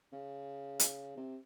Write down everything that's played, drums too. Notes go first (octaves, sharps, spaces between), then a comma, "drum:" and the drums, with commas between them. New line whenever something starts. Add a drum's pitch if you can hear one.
C#3
drum: hi-hat
C3